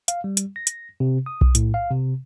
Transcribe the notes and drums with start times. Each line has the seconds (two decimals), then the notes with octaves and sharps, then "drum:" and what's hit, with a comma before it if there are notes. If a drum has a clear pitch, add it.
0.08 F5, drum: hi-hat
0.24 G3
0.37 drum: hi-hat
0.56 A#6
0.67 drum: hi-hat
1.00 C3
1.26 D#6
1.41 drum: kick B1
1.55 A2, drum: hi-hat
1.74 F5
1.90 C3